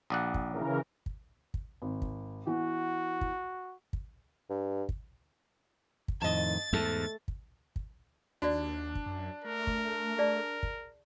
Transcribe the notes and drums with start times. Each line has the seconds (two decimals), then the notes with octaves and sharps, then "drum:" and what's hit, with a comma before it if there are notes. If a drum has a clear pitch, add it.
0.10 A#1 D5 F#5
0.34 drum: kick
0.49 C#3 E3 A#4
1.06 drum: kick
1.54 drum: kick
1.82 G#1
2.02 drum: kick
2.47 E3 B3 F#4
3.21 drum: kick
3.93 drum: kick
4.50 G2
4.89 drum: kick
6.08 drum: kick
6.22 F2 A2 D#3 D#5 A5 A6
6.73 E2 G#2 A3 A4
7.28 drum: kick
7.76 drum: kick
8.42 D#2 D4 F#4 D5
8.95 drum: kick
9.06 F#2
9.44 A3 A#4
9.67 drum: kick
10.18 G#4 D5 A5
10.63 drum: kick